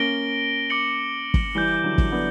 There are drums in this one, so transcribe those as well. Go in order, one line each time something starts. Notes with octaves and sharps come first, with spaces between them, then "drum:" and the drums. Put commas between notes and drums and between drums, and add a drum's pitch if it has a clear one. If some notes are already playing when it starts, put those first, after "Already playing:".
Already playing: A#3 C#4 A#6 D7 G7
D6 A#6 C#7 F#7
drum: kick
E3 G3 G6 C#7 G7
D3 F#3
drum: kick
B3 D4